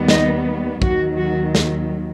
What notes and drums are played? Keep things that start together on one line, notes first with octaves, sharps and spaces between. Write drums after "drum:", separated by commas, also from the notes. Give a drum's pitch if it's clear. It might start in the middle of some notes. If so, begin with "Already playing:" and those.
Already playing: D#2 D#3 G3 B3
D#4, drum: snare
D#2 D#3 F#3 F#4, drum: kick
F#4
drum: snare